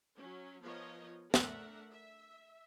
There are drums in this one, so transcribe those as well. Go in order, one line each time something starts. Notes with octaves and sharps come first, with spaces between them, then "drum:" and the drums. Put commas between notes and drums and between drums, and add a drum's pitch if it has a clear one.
F#3 C#4
F3 B3 F4 A#4 C#5 D#5
A3 D4 A#4 E5 F#5, drum: snare
E5